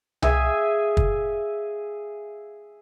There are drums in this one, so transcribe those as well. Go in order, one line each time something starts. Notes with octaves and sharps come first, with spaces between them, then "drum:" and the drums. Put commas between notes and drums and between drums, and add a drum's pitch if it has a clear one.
G#4 E5 F5 G#5, drum: tom C2
drum: kick